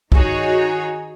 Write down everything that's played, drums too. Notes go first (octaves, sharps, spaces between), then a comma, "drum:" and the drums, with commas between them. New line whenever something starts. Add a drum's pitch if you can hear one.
D#3 D#4 F#4 G#4 C#5, drum: kick